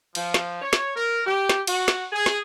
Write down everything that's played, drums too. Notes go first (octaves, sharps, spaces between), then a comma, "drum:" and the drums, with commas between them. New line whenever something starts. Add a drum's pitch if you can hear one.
F3, drum: cymbal
drum: snare
C#5
drum: snare
A#4
G4
drum: snare
F#4, drum: cymbal
drum: snare
G#4
drum: snare